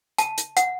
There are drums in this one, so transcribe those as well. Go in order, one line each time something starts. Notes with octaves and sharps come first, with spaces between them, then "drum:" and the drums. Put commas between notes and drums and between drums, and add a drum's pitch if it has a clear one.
A5, drum: hi-hat
drum: hi-hat
F#5, drum: hi-hat